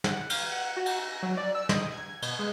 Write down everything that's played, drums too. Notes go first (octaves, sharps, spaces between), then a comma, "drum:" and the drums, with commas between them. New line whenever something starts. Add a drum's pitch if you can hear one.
F#5, drum: snare
F5, drum: cymbal
F#5
F#4
drum: cymbal
A#6
F#3
D5
E6
D#5, drum: snare
G#6
B2, drum: cymbal
G#3